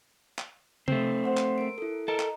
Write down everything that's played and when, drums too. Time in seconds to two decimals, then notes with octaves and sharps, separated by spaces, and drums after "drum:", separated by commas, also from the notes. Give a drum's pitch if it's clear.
0.38 drum: clap
0.88 A3 C4, drum: tom C3
1.24 C5 F#5 C6
1.37 drum: clap
1.58 A#4 D7
1.78 E4 A4
2.08 A4 A#4 D#5 A#5
2.19 drum: clap